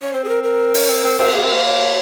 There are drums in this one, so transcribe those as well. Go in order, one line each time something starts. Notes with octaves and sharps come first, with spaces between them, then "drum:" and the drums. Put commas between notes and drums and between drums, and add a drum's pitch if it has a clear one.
C#4 C#5
C4 C5
G#4
A#4
A#4
C#4, drum: open hi-hat
C4
C4
C4, drum: cymbal
A#3 G#4
C4 A#4
A#3 C5
C#5